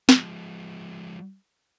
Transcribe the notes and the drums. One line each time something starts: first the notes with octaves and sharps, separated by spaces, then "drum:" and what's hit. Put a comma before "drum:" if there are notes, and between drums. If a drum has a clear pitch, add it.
F3 G#3, drum: snare